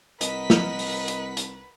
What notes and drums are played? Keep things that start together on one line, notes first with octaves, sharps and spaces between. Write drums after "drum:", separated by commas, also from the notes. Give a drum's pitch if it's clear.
C2 A#4 B4 D#5 F#5 B6, drum: hi-hat
drum: snare
drum: open hi-hat
drum: hi-hat
drum: hi-hat